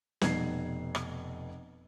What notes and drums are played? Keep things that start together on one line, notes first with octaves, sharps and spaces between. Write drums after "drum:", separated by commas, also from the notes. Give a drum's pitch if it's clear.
F1 B2 G#6 C7, drum: snare
drum: rim click